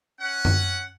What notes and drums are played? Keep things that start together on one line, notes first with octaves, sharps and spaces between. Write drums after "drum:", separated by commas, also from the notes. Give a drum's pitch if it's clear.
C#4 F#5
drum: tom F#2